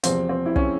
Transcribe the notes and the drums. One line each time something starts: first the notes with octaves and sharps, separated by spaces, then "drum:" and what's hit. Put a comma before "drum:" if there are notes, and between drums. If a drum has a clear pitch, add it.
E2 C3 F3 C4, drum: hi-hat
C4
E4
C#4, drum: kick